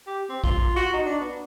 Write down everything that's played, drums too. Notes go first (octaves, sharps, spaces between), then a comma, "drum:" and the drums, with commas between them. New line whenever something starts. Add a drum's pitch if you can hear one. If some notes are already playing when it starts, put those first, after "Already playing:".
G4
C4
F4, drum: kick A#1
F#4
D#4
D4
B3